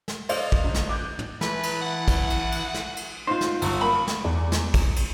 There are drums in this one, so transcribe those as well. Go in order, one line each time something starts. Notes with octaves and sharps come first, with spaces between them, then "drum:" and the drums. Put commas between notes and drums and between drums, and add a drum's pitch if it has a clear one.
drum: snare
A4 B4 C5 D5 D#5 F5, drum: cymbal
drum: kick
C2 D3
drum: snare
D6 F#6 G6
drum: tom
E3 E4 B4 A5 F#6, drum: snare
drum: cymbal
F#5
drum: kick, cymbal
drum: cymbal
drum: cymbal
drum: snare
drum: cymbal
D#4 F4 F#4 C5
drum: snare
G1 F#2 F#4 A#5, drum: cymbal
A#3 B5
drum: snare
E2
drum: snare
drum: kick, cymbal
drum: cymbal